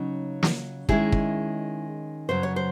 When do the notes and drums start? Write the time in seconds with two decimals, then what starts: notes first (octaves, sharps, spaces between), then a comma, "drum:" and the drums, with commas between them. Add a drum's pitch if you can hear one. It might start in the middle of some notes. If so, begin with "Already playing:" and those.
Already playing: C#3 F#3 C#4 D#4
0.43 drum: snare
0.89 D#3 G#3 C#4 E4 G#4, drum: kick
1.12 drum: kick
2.29 F#2 C#3 F#3 C5
2.43 C#5
2.56 C5